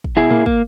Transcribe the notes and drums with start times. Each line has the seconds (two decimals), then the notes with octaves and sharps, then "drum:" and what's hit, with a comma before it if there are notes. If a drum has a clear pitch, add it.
0.04 drum: kick
0.17 B2 E4 G#4
0.31 A#3, drum: tom A2
0.46 A#3, drum: kick